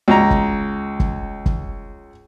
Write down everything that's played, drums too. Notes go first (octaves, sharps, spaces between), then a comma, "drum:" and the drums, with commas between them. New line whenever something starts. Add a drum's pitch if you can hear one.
C#2 A#5
drum: kick
drum: kick
drum: kick